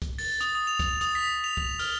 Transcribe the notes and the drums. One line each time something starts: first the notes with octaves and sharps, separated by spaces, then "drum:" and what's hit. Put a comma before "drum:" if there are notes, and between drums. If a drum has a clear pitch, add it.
drum: kick, hi-hat
A6, drum: open hi-hat
D#6, drum: hi-hat
D#6
F7
drum: kick, hi-hat
D#6, drum: hi-hat
B6
F7
drum: kick
F6, drum: open hi-hat